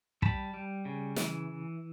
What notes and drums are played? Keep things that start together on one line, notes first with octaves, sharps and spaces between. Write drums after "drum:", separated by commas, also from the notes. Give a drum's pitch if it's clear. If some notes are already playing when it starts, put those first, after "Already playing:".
G3 A5 B5, drum: kick
G3
C#3
E3, drum: snare